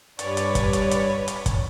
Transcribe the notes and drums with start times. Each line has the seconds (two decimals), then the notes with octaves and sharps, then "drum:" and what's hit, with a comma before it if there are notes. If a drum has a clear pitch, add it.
0.19 G2 B4 C#5 D5, drum: hi-hat
0.37 drum: hi-hat
0.55 drum: kick, hi-hat
0.73 drum: hi-hat
0.91 drum: hi-hat
1.28 drum: hi-hat
1.46 drum: kick, hi-hat